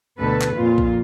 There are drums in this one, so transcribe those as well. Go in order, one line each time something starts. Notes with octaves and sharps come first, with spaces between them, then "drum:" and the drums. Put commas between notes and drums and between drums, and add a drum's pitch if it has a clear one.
D2 B2 A4 B4
drum: clap
F2 A#2 F4
drum: kick B1